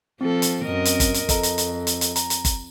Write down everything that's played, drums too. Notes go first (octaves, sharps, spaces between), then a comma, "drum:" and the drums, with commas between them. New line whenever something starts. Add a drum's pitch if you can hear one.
F3 C4 A4
drum: hi-hat
F#2 A#4 D#5
drum: hi-hat
drum: kick G1, hi-hat
drum: hi-hat
F2 A4 D#5 A#5, drum: kick G1, hi-hat
drum: hi-hat
drum: hi-hat
drum: hi-hat
drum: hi-hat
A#5, drum: hi-hat
drum: hi-hat
drum: kick G1, hi-hat